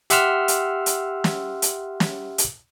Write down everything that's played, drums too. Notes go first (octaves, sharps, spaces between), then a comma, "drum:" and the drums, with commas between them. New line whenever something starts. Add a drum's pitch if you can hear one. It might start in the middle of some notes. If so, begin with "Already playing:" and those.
G4 E5 F#5 C6 E6 F6, drum: hi-hat
drum: hi-hat
drum: hi-hat
drum: snare
drum: hi-hat
drum: snare
drum: hi-hat